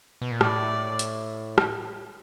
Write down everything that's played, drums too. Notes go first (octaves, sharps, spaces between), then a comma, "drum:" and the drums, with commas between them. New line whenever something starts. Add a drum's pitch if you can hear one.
B2
A#2
A2 D5, drum: rim click
drum: hi-hat
drum: rim click